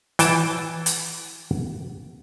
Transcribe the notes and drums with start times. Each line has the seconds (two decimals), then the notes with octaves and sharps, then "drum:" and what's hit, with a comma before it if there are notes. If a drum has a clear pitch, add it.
0.19 E3 G5 A5, drum: hi-hat
0.86 drum: hi-hat